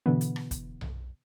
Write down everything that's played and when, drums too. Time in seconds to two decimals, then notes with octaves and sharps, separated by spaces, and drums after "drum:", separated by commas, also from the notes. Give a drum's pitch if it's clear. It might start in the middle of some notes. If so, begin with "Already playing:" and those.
0.06 B2 D3 E3 B3
0.21 drum: hi-hat
0.36 drum: rim click
0.51 drum: kick, hi-hat
0.81 drum: tom B1